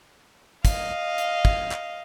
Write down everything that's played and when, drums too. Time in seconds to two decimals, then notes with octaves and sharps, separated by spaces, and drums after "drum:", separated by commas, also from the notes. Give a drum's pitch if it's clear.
0.65 D#5 F5, drum: kick, hi-hat
1.18 drum: hi-hat
1.45 drum: kick
1.71 drum: clap